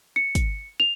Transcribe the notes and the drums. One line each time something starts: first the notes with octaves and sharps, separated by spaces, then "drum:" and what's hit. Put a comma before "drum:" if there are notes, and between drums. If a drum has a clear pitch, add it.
C#7
drum: kick, hi-hat
F7